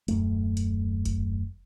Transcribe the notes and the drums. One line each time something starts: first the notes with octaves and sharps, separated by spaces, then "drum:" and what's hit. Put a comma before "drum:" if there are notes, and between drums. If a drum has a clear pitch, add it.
D#1 F#2 A3, drum: hi-hat
drum: hi-hat
drum: kick F#1, hi-hat